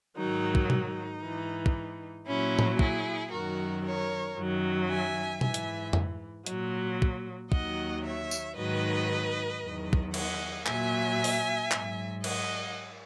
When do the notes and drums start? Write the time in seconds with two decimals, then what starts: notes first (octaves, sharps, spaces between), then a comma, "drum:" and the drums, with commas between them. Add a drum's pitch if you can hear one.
0.17 G#2 D#3 F#3 D#4
0.55 drum: kick
0.70 D#4, drum: tom B2
1.22 G#2 E3
1.66 drum: kick
2.26 A#2 F#3 C#4 E4
2.59 drum: tom A2
2.79 E4 G#4, drum: kick
3.32 F#2 D#3 F#3 F#4 A#4
3.84 A#4 C#5
4.37 F#2 D#3 F#3
4.89 E5 G#5
5.41 G#2 E3 E5 G#5, drum: tom B2
5.54 drum: hi-hat
5.93 drum: tom F2
6.46 A#2 F#3, drum: hi-hat
7.02 drum: kick
7.52 D#2 D#3 F#3 D#5 F#5, drum: kick
8.04 C#5 E5
8.31 drum: tambourine
8.56 G#2 D#3 F#3 B4 D#5
9.62 E2 D#3 F#3
9.93 drum: kick
10.14 D#5 F#5, drum: cymbal
10.66 A#2 F#3 E5 G#5, drum: clap
11.24 drum: open hi-hat
11.71 G#2 F#3, drum: clap
12.24 D#5 F#5, drum: cymbal